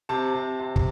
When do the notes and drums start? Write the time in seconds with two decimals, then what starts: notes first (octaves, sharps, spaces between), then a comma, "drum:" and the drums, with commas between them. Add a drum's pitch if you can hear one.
0.09 C3 A5
0.34 C3
0.59 C3
0.76 drum: kick